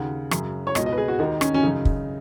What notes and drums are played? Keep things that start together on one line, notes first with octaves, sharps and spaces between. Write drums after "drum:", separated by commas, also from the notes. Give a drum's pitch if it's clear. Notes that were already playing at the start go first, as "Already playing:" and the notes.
Already playing: D#2 C#3 F#5
F#2 C#3, drum: rim click
C#5
C#2 B2 D#5, drum: rim click
D#5
B4
G#4
F#4
D#2 D#3 D#4
C#4, drum: rim click
C#4
F#2 C#3 D#4
drum: kick